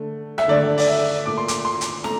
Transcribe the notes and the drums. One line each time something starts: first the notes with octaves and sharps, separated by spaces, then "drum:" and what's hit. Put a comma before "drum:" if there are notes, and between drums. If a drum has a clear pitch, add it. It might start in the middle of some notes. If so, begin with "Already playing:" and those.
Already playing: D3 A3
E5, drum: rim click
D3 A3 D5
D5, drum: open hi-hat
E5
A#2 A3 D6
C6
D6, drum: hi-hat
C6
drum: hi-hat
A3 A#5, drum: snare